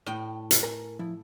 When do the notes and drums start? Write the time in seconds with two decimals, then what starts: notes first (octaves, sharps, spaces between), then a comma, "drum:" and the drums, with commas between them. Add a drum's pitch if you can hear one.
0.06 A2 G5
0.51 drum: hi-hat
0.63 A#4 G#5
0.99 F3 E4